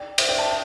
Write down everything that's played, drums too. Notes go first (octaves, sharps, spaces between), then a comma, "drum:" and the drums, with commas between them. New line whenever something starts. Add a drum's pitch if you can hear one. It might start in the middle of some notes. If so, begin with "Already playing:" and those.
Already playing: D5 G5
C5 E5, drum: cymbal
D5 G5
E5 A5